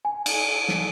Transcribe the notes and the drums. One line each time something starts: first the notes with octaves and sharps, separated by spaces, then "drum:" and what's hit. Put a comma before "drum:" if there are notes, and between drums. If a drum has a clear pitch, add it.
G#5
drum: cymbal
drum: snare